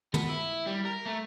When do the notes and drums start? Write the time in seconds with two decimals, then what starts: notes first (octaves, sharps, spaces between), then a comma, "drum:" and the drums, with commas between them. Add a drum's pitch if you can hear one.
0.14 B3, drum: tom
0.29 E4
0.67 G3
0.85 A#4
1.06 A3